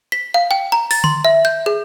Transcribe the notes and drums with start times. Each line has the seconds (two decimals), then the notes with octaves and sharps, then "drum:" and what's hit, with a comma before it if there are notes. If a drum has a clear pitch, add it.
0.12 B6
0.34 F5
0.51 G5
0.72 A#5
0.91 A6, drum: open hi-hat
1.04 C6, drum: tom D3
1.25 E5
1.45 G6
1.66 G#4